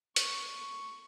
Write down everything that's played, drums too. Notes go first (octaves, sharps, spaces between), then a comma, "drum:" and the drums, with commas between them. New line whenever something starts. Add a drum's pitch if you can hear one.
C#6, drum: hi-hat